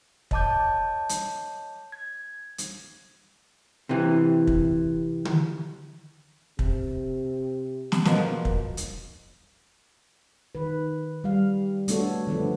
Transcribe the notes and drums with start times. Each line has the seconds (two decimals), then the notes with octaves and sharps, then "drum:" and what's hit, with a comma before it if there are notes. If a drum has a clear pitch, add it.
0.31 C#5 D#5 A5 D6 G6, drum: kick
1.09 drum: hi-hat
1.92 G#6
2.58 drum: hi-hat
3.89 C3 E3
4.47 drum: kick
5.25 drum: tom D3
6.59 C3, drum: kick
7.92 drum: snare
8.05 B2 F3 A#3, drum: snare
8.45 drum: kick
8.77 drum: hi-hat
10.55 D#3 B4
11.24 G3 F5
11.88 A3 B3 D4 F#4 A4 C#5, drum: hi-hat
12.27 D3 F3 A3 B3 D4